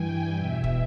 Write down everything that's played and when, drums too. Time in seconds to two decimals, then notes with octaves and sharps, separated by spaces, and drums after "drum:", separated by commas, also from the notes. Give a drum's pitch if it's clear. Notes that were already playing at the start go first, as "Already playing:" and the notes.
Already playing: G2 E3 G5 G#5
0.35 E2 B2 E5
0.64 drum: kick